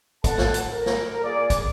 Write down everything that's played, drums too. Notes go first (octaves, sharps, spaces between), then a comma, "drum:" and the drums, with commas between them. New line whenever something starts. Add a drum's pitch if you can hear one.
A4 F#5 A5, drum: kick, hi-hat
drum: snare
drum: hi-hat
A#4
drum: snare
A#2 G#4 D5
drum: kick, hi-hat